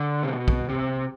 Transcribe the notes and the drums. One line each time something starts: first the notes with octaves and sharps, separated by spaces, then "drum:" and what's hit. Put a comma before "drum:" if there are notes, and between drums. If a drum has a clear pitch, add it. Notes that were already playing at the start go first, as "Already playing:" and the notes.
Already playing: D3
C3
B2
drum: kick
C3